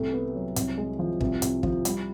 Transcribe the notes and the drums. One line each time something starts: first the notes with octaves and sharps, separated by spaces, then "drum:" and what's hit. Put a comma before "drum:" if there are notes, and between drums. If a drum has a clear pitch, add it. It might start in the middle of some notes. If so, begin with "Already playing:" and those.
Already playing: C2 A3
B3
F#3
C2, drum: hi-hat
G#3
F3
C2, drum: kick
C2, drum: hi-hat
F3, drum: kick
G3, drum: hi-hat